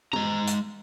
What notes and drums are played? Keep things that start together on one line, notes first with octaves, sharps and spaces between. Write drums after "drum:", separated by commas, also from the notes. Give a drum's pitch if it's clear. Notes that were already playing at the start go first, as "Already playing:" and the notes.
G#3 A#5, drum: tom
drum: hi-hat